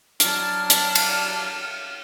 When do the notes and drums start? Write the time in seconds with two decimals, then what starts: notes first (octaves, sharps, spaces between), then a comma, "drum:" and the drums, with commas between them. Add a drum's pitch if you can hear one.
0.20 F#3 D4 A5 F6, drum: hi-hat
0.70 drum: hi-hat
0.95 drum: cymbal